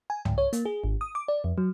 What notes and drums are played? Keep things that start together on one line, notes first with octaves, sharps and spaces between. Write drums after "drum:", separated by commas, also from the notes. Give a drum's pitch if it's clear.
G#5
G#2, drum: tom C2
C#5
A#3, drum: hi-hat
G#4
G#1
D#6
D6
D5
F2
F#3